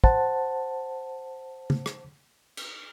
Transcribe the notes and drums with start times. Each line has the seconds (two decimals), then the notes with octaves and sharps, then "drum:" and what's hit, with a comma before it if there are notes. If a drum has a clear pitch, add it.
0.04 C5 F#5 A5, drum: kick
1.70 drum: tom C#3
1.86 drum: rim click
2.57 drum: cymbal